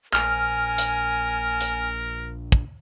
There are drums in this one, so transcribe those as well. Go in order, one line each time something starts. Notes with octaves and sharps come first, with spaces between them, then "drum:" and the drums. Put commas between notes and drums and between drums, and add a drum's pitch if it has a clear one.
A#1 A#4 G#5 F6, drum: clap
drum: hi-hat
drum: hi-hat
drum: kick